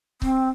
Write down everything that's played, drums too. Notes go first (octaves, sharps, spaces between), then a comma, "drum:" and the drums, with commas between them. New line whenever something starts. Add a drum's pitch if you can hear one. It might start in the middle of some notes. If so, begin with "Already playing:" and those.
C4, drum: kick C#1